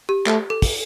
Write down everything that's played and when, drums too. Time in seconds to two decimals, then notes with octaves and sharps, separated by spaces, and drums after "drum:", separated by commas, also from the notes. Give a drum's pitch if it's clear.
0.09 G4
0.27 A3, drum: clap
0.50 A4
0.62 drum: kick, open hi-hat